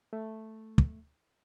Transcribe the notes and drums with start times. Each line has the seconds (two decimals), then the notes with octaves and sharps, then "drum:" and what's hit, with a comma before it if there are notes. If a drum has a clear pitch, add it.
0.13 A3
0.78 drum: kick